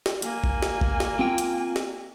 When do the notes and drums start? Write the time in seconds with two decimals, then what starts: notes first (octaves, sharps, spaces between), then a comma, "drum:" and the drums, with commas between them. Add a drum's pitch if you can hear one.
0.06 drum: snare
0.22 A#3 G#5, drum: hi-hat
0.44 drum: kick
0.63 drum: snare
0.81 drum: kick
1.00 drum: snare
1.19 C4 F4 G5
1.38 drum: hi-hat
1.76 drum: snare